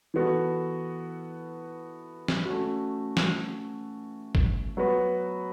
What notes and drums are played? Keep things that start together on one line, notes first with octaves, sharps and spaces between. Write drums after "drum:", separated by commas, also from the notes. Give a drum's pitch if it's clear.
E3 B3 F#4 A4
drum: snare
A3 C#4 F#4
drum: snare
drum: kick
F#3 B3 F#4 B4